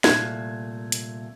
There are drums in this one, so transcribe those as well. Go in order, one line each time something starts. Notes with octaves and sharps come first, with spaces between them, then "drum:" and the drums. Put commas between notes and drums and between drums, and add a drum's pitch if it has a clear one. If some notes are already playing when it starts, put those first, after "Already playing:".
C2 A#2 A3 G#6, drum: snare
drum: hi-hat